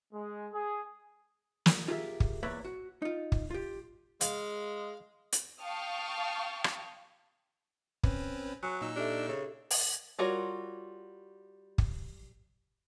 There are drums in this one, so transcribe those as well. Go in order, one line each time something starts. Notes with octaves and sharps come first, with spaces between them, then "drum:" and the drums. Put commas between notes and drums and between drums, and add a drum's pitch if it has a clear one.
G#3
G#4
drum: snare
F4 G4 G#4 A#4 D#5 E5
drum: kick
E2 A#3 B4 C#5 D5 E5
F#4
D#4 F4
drum: kick
F4 G4
G#3 F5, drum: hi-hat
drum: hi-hat
F5 G5 A5 C#6 D#6 F6
drum: rim click
C4 C#4 B4, drum: kick
F#3 G#5 F#6 C#7
A#2 D#4 E6
D4 G4 A4 E5
C#3
drum: open hi-hat
G3 F4 F#4 A#4 C#5
drum: kick